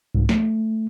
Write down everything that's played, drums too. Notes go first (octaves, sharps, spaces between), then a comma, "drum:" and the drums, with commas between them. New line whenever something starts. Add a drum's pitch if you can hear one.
C2 G#2
A3, drum: snare